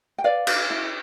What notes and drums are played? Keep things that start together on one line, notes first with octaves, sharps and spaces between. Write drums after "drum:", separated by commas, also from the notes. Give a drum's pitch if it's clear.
G5
B4 D5 F5
B4, drum: cymbal
E4